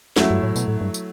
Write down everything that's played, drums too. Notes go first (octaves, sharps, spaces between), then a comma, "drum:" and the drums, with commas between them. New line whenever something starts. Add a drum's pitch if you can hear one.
F#2 F#3 A3 E4, drum: snare
G2
A2
B2, drum: tambourine
A2
G2
drum: tambourine